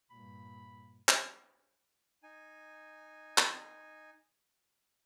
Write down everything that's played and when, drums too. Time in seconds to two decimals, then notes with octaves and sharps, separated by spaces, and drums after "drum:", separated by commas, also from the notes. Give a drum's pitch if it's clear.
0.10 G2 A#2 B5
1.09 drum: clap
2.23 D#4 G#5
3.38 drum: clap